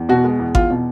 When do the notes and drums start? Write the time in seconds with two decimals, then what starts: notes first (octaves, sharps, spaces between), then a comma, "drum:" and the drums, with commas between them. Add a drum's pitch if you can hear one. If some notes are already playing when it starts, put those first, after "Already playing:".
Already playing: E2
0.09 B2 F#4
0.24 G#3
0.39 E2
0.55 E2 F4, drum: kick G#1
0.70 B2